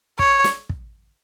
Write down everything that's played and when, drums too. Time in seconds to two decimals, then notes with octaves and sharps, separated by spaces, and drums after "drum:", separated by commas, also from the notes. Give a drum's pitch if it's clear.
0.19 C#5, drum: kick
0.44 drum: snare
0.69 drum: kick